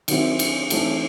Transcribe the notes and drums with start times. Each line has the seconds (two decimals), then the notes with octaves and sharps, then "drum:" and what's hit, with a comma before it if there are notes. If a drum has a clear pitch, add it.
0.08 D#3 F#3 C4 E4, drum: cymbal
0.39 drum: cymbal
0.70 E3 A3 C4 D#4, drum: cymbal